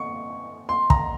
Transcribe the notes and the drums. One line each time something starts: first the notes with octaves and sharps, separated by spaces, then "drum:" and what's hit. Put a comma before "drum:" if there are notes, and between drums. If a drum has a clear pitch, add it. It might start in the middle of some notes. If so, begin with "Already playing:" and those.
Already playing: C#6
C6
A#5, drum: kick